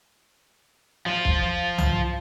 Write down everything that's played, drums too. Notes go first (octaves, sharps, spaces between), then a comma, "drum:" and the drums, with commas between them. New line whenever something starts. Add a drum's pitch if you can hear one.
F3 F4
drum: kick
drum: tom C2